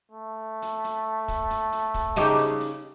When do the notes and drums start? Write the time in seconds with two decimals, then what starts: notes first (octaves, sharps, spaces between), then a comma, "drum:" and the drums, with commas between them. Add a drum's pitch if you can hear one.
0.12 A3
0.62 drum: hi-hat
0.84 drum: hi-hat
1.28 drum: kick, hi-hat
1.50 drum: hi-hat
1.72 drum: hi-hat
1.94 drum: kick, hi-hat
2.16 C#3 D#4 G4
2.38 drum: hi-hat
2.60 drum: hi-hat